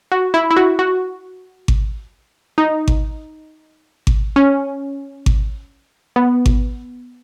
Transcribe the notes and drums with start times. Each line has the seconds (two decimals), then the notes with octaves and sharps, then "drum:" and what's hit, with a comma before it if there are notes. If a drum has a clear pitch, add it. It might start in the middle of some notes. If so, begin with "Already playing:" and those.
0.12 F#4
0.34 E4
0.51 E4
0.56 F#4
0.79 F#4
1.68 drum: kick G#1
2.58 D#4
2.88 drum: kick G#1
4.07 drum: kick G#1
4.36 C#4
5.26 drum: kick G#1
6.16 B3
6.46 drum: kick G#1